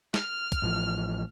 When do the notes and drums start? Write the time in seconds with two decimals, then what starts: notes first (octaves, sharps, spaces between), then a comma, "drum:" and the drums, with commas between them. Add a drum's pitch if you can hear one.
0.14 F6, drum: snare
0.52 drum: kick, hi-hat
0.62 A1 A2 F3